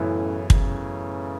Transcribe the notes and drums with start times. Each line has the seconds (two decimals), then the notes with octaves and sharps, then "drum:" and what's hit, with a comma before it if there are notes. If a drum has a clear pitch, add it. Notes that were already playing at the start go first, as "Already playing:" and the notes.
Already playing: F#2 A2 C#3 E3 B3 E4
0.50 A2 C#3, drum: kick